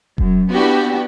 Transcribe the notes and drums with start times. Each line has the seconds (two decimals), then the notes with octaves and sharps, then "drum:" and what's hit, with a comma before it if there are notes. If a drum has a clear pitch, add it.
0.18 F#2, drum: kick E1
0.52 B3 D4 E4 F#4 G4